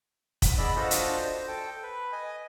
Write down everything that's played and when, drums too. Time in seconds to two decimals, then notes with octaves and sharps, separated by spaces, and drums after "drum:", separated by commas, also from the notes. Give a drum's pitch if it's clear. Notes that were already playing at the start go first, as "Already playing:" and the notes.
0.42 drum: kick, hi-hat
0.58 B3 G#4 D5 D#5 B5 E6
0.76 D4 F4 F#4 A4 C5 D#5
0.91 drum: hi-hat
1.23 C5
1.48 A4 G5
1.83 B4
2.12 D#5 G#5